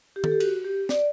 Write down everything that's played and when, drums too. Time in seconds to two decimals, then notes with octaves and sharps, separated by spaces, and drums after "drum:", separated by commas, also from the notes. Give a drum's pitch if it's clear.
0.16 G4
0.24 A4, drum: tom
0.32 G4
0.40 F#4, drum: cymbal
0.65 G4
0.89 D5, drum: snare